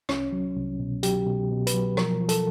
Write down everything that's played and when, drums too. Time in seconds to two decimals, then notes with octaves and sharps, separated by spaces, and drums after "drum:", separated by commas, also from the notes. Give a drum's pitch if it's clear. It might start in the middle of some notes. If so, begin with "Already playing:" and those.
0.09 C2 C#4, drum: rim click
0.32 F#3
0.56 C2
0.80 B2
1.03 F#3 G4, drum: hi-hat
1.27 B2
1.51 B2
1.67 B4, drum: hi-hat
1.74 F#3
1.97 F3 A#4, drum: rim click
2.21 F3
2.29 A4, drum: hi-hat